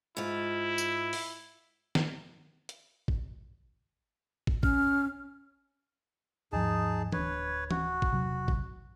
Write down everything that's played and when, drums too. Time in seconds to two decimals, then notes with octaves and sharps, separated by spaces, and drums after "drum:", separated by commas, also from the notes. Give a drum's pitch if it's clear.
0.17 G#2 E4 F4
0.78 drum: tambourine
1.13 drum: open hi-hat
1.95 drum: snare
2.69 drum: hi-hat
3.08 drum: kick
4.47 drum: kick
4.63 C#4 F6, drum: kick
6.52 D#2 G#2 F3 D#4 G#4 A5
7.12 D1 B3 D4 B4 C#5, drum: tom E3
7.71 F#4, drum: tom E3
8.02 drum: kick
8.12 E1 C3 F#3
8.48 drum: kick